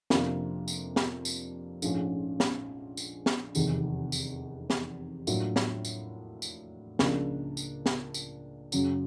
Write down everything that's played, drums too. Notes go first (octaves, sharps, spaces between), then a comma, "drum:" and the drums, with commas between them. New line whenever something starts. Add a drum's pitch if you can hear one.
F2 C3 F3 A#3 D4, drum: snare
drum: tambourine
drum: snare
drum: tambourine
A#1 G#2 F3 A3 C#4, drum: tambourine
drum: snare
drum: tambourine
drum: snare
F1 E2 C3 D#3, drum: tambourine
drum: tambourine
drum: snare
A2 F#3 A#3 D4 F4, drum: tambourine
drum: snare
drum: tambourine
drum: tambourine
C#2 C#3 F3 A#3 D4, drum: snare
drum: tambourine
drum: snare
drum: tambourine
F#1 F#2 C#3 F#3, drum: tambourine